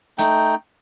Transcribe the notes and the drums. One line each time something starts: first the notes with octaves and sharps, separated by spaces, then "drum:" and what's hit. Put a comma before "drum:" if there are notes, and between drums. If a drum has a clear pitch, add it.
A3 D#4 G5, drum: hi-hat